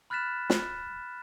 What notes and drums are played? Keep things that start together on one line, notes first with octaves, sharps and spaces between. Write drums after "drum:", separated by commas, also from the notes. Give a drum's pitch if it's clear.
B5 F6 F#6 A6 B6 E7
drum: snare